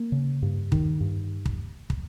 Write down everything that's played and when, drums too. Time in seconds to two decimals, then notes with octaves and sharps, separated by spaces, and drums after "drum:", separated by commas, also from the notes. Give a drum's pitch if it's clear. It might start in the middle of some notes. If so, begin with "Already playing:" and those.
Already playing: A#3
0.12 C#3
0.42 G2
0.72 D#3, drum: kick
1.01 G2
1.45 drum: kick
1.90 drum: kick